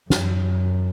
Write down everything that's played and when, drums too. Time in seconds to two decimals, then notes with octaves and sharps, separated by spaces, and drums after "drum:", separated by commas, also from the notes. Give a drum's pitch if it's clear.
0.10 F#2, drum: snare